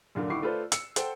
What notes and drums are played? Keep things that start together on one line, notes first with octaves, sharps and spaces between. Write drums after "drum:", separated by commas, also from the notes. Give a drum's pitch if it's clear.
F#2 A#2 D3 F5
C2 D#3 E4 C#6 D6 C7
A3 F4 A4 B4 C5 D5
E6 C#7, drum: hi-hat
A4 C5 F#5 G5, drum: hi-hat